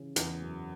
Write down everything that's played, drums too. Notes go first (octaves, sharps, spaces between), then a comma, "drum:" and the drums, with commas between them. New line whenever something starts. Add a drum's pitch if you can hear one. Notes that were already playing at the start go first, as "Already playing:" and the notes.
Already playing: C#3 E3 C#4
E2 E3, drum: hi-hat
F#2